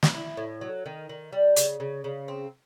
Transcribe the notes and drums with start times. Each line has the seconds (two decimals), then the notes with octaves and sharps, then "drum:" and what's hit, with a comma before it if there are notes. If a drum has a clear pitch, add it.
0.03 drum: snare
0.14 E4
0.37 A2
0.61 F#3
0.86 D#3
1.09 D#3
1.32 G3
1.56 C#3, drum: hi-hat
1.80 C#3
2.04 C#3
2.28 C4